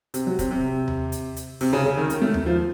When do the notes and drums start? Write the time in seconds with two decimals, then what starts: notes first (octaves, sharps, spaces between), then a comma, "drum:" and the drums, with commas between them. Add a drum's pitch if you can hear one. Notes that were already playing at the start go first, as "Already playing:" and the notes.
0.14 C3, drum: hi-hat
0.27 F#3
0.39 C3, drum: kick, hi-hat
0.51 C3
0.88 drum: tom D#2
1.12 drum: hi-hat
1.36 drum: hi-hat
1.61 C3, drum: open hi-hat
1.73 C#3
1.86 C#3
1.97 D#3
2.10 D#3, drum: hi-hat
2.22 A3
2.34 drum: tom D#2
2.46 F3